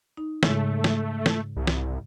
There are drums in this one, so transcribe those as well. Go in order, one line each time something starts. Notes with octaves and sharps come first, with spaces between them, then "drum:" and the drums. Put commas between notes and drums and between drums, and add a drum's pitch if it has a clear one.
D#4
G#2 C#3 G#3 A3, drum: snare
drum: snare
drum: snare
C2
drum: snare